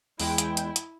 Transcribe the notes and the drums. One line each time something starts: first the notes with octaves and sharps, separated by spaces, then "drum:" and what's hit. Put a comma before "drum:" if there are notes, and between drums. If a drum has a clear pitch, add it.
E2 G#3 E4 G5, drum: open hi-hat
drum: hi-hat
drum: hi-hat
drum: hi-hat